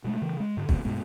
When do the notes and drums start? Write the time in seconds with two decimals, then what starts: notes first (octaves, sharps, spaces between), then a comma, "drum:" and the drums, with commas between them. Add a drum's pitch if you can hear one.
0.05 B2 G#3 A3
0.21 C#3 E3
0.40 G#3
0.57 G#2 D3
0.69 D1 A#1 D3 A#3, drum: kick
0.85 G2 B2 G#3 B3